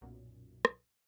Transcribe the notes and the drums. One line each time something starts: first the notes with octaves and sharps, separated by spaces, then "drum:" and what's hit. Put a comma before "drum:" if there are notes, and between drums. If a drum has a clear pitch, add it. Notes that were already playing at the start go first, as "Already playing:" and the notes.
B1 F#2 A#2
drum: rim click